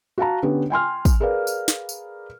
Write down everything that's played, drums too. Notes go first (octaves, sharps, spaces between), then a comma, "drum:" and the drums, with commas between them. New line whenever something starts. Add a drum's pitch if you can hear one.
F#4 F5 A5 A#5
D3 B3 C#4 G4
G5 G#5 C6 F6
drum: kick, tambourine
G#4 A#4 B4 D5 F5
drum: tambourine
drum: snare
drum: tambourine